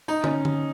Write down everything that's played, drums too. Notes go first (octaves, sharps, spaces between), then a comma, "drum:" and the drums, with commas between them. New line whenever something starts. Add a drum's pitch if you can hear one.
D#4, drum: tambourine
C#4, drum: tom
drum: tom D3